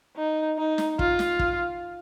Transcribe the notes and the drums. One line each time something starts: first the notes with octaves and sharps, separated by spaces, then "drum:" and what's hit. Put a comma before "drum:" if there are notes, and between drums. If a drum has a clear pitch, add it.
D#4
D#4
drum: snare
F4, drum: kick
drum: snare
drum: kick